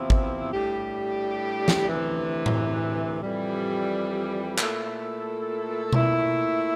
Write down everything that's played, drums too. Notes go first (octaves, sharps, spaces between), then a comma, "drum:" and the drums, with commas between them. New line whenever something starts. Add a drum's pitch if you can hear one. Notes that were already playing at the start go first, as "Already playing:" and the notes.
Already playing: E2 C3 F3 C4 E4
drum: kick
A2 G3 D4 G4
drum: snare
D2 C3 E3
drum: tom A2
F2 E3 G3
A#2 A3 E4 A4, drum: clap
A#2 A3 E4, drum: tom B2